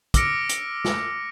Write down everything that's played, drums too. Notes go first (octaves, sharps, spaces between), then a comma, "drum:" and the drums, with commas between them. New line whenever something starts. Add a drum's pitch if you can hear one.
D6 E6 F6 A#6 C#7 D7, drum: kick, hi-hat
drum: hi-hat
drum: snare